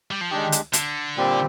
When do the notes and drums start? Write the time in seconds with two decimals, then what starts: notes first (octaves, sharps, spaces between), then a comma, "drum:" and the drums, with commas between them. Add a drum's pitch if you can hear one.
0.11 G3
0.21 F3
0.31 D#3 G#3 D4 G4
0.52 drum: hi-hat
0.73 D3, drum: hi-hat
1.16 A#2 G3 C4 G4